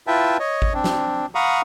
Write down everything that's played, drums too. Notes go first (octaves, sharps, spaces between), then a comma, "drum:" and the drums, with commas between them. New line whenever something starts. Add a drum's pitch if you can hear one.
E4 F4 B4 E5 G5 A5
C#5 D#5
drum: kick G#1
C4 D4
drum: snare
F5 F#5 A#5 B5 C#6 D#6